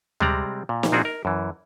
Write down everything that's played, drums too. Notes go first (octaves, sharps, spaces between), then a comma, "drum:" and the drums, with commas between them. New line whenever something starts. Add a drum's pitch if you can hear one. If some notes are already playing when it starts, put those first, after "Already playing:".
C3 G3 G#3 C4 D5 A#5, drum: tom D2
A#2
drum: snare
A#2 F3 C4 D4 F#4 G#4
A#4
F#2 E3